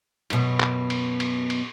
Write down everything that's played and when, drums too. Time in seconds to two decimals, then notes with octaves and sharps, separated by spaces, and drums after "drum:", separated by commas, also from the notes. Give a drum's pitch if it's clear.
0.30 F#2 B2, drum: cymbal
0.60 drum: clap
0.90 drum: cymbal
1.20 drum: cymbal
1.50 drum: cymbal